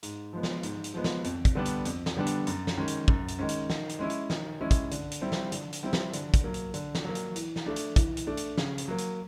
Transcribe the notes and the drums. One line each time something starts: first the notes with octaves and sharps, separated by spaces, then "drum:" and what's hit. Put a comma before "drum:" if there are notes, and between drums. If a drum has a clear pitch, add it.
G#2, drum: hi-hat
F3 G#3 B3
drum: snare
G#2, drum: hi-hat
drum: hi-hat
F3 G#3 B3
drum: snare
F2, drum: hi-hat
drum: kick, hi-hat
D3 G3 B3 D4
drum: hi-hat
F2, drum: hi-hat
drum: snare
D3 G3 B3 D4
drum: hi-hat
F#2, drum: hi-hat
drum: snare
D#3 G#3 C#4
drum: hi-hat
F#2, drum: kick
drum: hi-hat
D#3 G#3 C#4
drum: hi-hat
D#3, drum: snare
drum: hi-hat
G#3 C#4 E4
drum: hi-hat
D#3, drum: snare
G#3 C#4 E4
drum: kick, hi-hat
D3, drum: hi-hat
drum: hi-hat
G3 C4 E4
drum: snare
D3, drum: hi-hat
drum: hi-hat
G3 C4 E4
drum: snare
D3, drum: hi-hat
drum: kick, hi-hat
F#3 A#3
drum: hi-hat
D3, drum: hi-hat
drum: snare
F#3 A#3
drum: hi-hat
E3, drum: hi-hat
drum: snare
A3 D4
drum: hi-hat
E3, drum: kick, hi-hat
drum: hi-hat
A3 D4
drum: hi-hat
C#3, drum: snare
drum: hi-hat
F#3 A#3
drum: hi-hat